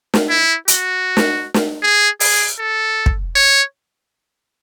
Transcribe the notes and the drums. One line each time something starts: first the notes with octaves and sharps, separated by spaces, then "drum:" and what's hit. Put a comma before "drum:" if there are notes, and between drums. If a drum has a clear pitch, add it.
drum: snare
E4
F#4, drum: hi-hat
drum: snare
drum: snare
G#4
G#4, drum: open hi-hat
A4
drum: kick
C#5